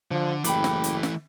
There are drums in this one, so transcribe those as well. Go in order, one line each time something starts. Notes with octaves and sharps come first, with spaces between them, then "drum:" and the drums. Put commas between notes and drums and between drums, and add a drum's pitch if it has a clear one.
D3 F3
F#1 E3 A3 G4 B5 D6, drum: hi-hat
drum: snare
drum: hi-hat
drum: snare